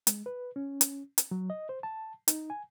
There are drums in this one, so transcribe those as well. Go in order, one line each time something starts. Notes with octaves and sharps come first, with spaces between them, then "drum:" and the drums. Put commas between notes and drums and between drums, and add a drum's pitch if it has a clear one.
G#3, drum: hi-hat
B4
C#4
drum: hi-hat
drum: hi-hat
F#3
D#5
C5
A5
D#4, drum: hi-hat
G#5